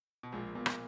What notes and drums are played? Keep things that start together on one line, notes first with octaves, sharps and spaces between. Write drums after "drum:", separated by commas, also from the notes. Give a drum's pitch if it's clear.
B2
A#1 A#2 G#3
A#1 A#2 B3
drum: rim click